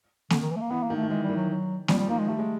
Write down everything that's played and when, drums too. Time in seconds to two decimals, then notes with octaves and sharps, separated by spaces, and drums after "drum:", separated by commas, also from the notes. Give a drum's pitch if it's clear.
0.30 D3, drum: snare A#3
0.40 D#3
0.50 E3
0.56 A3
0.61 A#3
0.71 E3 B3
0.83 A#3
0.90 D#3
0.96 A3
1.03 D#3
1.09 E3 G#3
1.23 G3
1.29 D#3
1.36 F#3
1.50 F#3
1.88 F3 G3, drum: snare A#3
1.98 G3
2.08 D#3 A#3
2.19 G#3
2.28 G3 A3
2.39 G#3